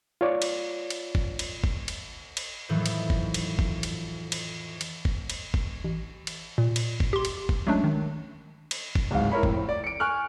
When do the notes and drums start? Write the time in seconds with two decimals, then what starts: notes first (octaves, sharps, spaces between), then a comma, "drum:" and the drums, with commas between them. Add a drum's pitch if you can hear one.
0.21 F4 C#5 D5
0.42 drum: cymbal
0.90 drum: cymbal
1.15 drum: kick
1.39 drum: cymbal
1.64 drum: kick
1.88 drum: cymbal
2.37 drum: cymbal
2.69 F2 A2 D#3 E3 F#3
2.86 drum: cymbal
3.10 drum: kick
3.34 drum: cymbal
3.59 drum: kick
3.83 drum: cymbal
4.32 drum: cymbal
4.81 drum: cymbal
5.05 drum: kick
5.30 drum: cymbal
5.54 drum: kick
5.84 A1
6.27 drum: cymbal
6.58 A#2
6.76 drum: cymbal
7.00 drum: kick
7.13 G4 C6
7.25 drum: cymbal
7.49 drum: kick
7.67 F#3 G#3 A3 C#4 D4
7.84 D#3
8.71 drum: cymbal
8.95 drum: kick
9.11 D1 G#2 F5
9.32 E4 A#4 C#5 B5
9.43 F2 A2, drum: kick
9.69 D5
9.84 C#7 D7
10.00 G#5 C#6 F6 F#6